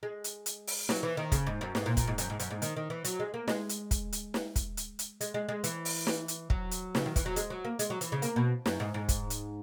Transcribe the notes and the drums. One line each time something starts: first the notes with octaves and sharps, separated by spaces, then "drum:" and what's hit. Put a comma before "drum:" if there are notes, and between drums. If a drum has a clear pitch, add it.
G#3
drum: hi-hat
drum: hi-hat
drum: open hi-hat
F#3, drum: snare
E3
D#3
C#3, drum: kick, hi-hat
G#2
F#2
G#2, drum: snare
A#2
A#2, drum: kick, hi-hat
G#2
F#2, drum: hi-hat
G#2
F#2, drum: hi-hat
G#2
D#3, drum: hi-hat
D#3
E3
F#3, drum: hi-hat
G#3
A#3
G#3, drum: snare
drum: hi-hat
drum: kick, hi-hat
drum: hi-hat
drum: snare
drum: kick, hi-hat
drum: hi-hat
drum: hi-hat
G#3, drum: hi-hat
G#3
G#3
E3, drum: hi-hat
drum: open hi-hat
drum: snare
drum: hi-hat
F#3, drum: kick
drum: hi-hat
C#3, drum: snare
D#3
E3, drum: kick, hi-hat
F#3
G#3, drum: hi-hat
F#3
A#3
G#3, drum: hi-hat
F#3
E3, drum: hi-hat
C#3
A#3, drum: hi-hat
B2
F#2, drum: snare
G#2
G#2
drum: kick, hi-hat
drum: hi-hat